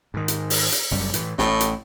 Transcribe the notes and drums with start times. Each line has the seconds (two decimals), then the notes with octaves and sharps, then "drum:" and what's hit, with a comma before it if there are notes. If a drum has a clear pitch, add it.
0.14 G#2 D#3
0.28 drum: hi-hat
0.50 drum: open hi-hat
0.72 drum: hi-hat
0.91 F#1 F#2 G3
1.14 A2 E3, drum: hi-hat
1.38 A1 A2, drum: snare
1.60 drum: hi-hat